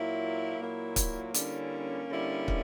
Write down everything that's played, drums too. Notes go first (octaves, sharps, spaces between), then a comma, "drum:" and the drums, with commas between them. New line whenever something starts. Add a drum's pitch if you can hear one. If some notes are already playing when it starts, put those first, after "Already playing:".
Already playing: A#2 F#3 A#3 E4
A#2 F#3 A#3 E4
drum: kick, hi-hat
D3 G3 A#3 C#4 E4, drum: hi-hat
D3 G3 A#3 C#4 E4
drum: kick